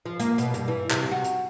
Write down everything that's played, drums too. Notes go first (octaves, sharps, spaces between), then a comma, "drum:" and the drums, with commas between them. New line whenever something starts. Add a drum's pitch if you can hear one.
F3
A#3, drum: hi-hat
B2, drum: hi-hat
G2, drum: hi-hat
E3
C3, drum: clap
F#4
drum: hi-hat